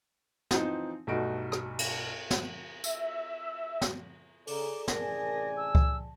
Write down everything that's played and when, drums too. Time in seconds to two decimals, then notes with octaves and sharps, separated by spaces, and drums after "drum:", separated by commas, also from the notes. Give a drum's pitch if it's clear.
0.51 E3 F3 C4 D#4, drum: snare
1.07 B1 G2 A3 D#4 F#4 D7
1.52 drum: rim click
1.79 drum: cymbal
2.30 drum: snare
2.84 E5, drum: tambourine
3.81 drum: snare
4.47 C#3 G#4 A4 D5 A#5 D6, drum: open hi-hat
4.88 A1 C3 A#4 G#5 A5 A#6, drum: snare
5.56 A5 E6
5.75 drum: kick C#2